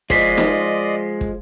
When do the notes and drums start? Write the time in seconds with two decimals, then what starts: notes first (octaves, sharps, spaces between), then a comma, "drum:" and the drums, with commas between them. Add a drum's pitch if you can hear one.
0.10 F3 G#3 D5 D#5 B6 C7, drum: kick
0.38 drum: snare
1.21 drum: kick